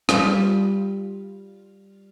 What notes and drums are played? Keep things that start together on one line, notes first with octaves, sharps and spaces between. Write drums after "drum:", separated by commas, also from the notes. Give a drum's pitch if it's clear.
G3 F4, drum: rim click